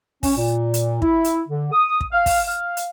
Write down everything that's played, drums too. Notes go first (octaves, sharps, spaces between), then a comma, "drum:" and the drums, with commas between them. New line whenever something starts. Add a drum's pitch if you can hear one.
C#4, drum: kick, open hi-hat
A#2
drum: hi-hat
E4, drum: kick
drum: hi-hat
D3
D#6
drum: kick
F5
drum: kick, open hi-hat
F5
drum: hi-hat